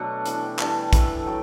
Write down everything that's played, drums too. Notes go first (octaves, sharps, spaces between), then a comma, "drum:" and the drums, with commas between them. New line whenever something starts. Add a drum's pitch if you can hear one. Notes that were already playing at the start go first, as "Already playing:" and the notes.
Already playing: B2 F#3 A3 D4 F#5
E3 B3 D4 F#5, drum: hi-hat
G5
E3 G3 D4 A5, drum: clap
A2 E3 A3 B5, drum: kick, hi-hat
F#3 G5